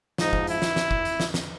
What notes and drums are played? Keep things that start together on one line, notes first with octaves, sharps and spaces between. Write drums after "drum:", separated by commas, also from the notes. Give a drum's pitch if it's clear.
G#2 F3 D#4, drum: snare
drum: kick
E4, drum: hi-hat
drum: snare
drum: snare
drum: kick
drum: hi-hat
drum: snare
drum: snare